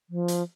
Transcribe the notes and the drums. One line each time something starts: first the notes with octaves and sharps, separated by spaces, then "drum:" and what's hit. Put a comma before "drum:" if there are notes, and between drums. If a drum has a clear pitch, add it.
F3
drum: hi-hat